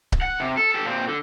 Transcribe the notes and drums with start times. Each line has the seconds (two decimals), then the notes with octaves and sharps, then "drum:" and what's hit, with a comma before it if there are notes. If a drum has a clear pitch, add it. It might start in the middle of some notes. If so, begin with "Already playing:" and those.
0.12 drum: kick C#1
0.22 F#5
0.40 C3
0.58 A4
0.72 G4 A4
0.86 A#2 C4
1.08 D3